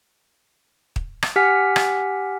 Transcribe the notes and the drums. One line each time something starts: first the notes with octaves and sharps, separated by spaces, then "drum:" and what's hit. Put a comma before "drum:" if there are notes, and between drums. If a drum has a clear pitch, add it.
drum: kick
drum: rim click
G4 F#5 G#5 F6 B6
drum: rim click